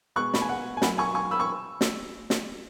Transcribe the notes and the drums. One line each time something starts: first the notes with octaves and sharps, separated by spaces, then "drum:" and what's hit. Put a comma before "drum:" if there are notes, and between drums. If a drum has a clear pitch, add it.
B2 G#3 C#6 F#6
B5, drum: snare
G#5
F#5
G#5
F#2 F#3 F#5 B5, drum: snare
G#5 C#6
G#5 C#6
B5 E6
C#6
drum: snare
drum: snare